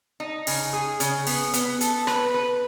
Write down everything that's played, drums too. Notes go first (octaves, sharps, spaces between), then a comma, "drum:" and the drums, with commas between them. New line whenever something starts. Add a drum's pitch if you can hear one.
D#4
C#3, drum: open hi-hat
G#4
C#3, drum: hi-hat
B3, drum: open hi-hat
B3, drum: hi-hat
A4, drum: hi-hat
B4, drum: rim click
B4